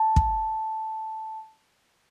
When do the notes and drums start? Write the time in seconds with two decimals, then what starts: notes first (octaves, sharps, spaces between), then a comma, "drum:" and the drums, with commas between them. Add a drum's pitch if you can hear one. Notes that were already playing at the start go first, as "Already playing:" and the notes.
Already playing: A5
0.16 drum: kick